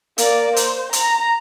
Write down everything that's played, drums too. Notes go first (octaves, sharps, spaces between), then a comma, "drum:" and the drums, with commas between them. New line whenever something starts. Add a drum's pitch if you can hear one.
A#3 D5, drum: hi-hat
C5, drum: hi-hat
A#5, drum: hi-hat